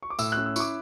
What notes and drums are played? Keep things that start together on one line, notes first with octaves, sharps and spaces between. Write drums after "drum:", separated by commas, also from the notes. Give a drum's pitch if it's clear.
C#6
D6
A2 E6, drum: tambourine
C#4 F#6
E6
E4 C#6 D6, drum: tambourine